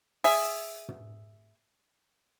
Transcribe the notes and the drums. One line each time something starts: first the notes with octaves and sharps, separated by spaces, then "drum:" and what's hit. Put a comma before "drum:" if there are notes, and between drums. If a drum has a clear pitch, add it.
G#4 E5, drum: open hi-hat
drum: tom